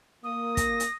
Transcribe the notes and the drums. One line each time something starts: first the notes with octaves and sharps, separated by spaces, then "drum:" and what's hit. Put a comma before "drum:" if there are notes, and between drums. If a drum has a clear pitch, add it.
A#3 D#6
A#6, drum: kick, hi-hat
drum: hi-hat